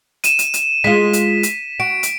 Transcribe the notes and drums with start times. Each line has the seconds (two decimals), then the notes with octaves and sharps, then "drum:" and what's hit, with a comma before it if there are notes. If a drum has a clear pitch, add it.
0.24 D#7 E7, drum: hi-hat
0.39 drum: hi-hat
0.54 drum: hi-hat
0.84 G#3 F4 B6
1.13 drum: hi-hat
1.43 drum: hi-hat
1.80 F#4 D7
2.03 drum: hi-hat